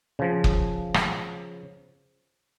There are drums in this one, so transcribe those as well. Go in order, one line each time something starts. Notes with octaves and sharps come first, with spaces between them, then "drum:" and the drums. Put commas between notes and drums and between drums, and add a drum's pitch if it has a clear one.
C#3 F3
drum: kick
drum: rim click